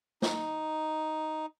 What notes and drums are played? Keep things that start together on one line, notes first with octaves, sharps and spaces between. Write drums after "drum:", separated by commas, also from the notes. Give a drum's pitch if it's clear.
D#4, drum: snare